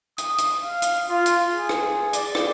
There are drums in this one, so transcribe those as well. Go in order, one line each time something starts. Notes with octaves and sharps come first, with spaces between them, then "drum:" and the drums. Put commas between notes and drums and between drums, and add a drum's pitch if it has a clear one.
D#6, drum: hi-hat
drum: hi-hat
F5
drum: hi-hat
F4
drum: hi-hat
G#4
drum: rim click
D5, drum: hi-hat
drum: rim click